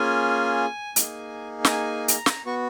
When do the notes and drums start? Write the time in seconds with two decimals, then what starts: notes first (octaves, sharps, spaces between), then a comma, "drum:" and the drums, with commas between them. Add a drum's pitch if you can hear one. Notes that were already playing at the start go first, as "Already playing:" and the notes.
Already playing: A#3 C#4 F4 G#4 G#5
0.96 A#3 D#4 G#4, drum: hi-hat
1.65 A#5, drum: snare
1.71 G#5
2.08 A#5, drum: hi-hat
2.26 drum: snare
2.46 B3 F#4 C#6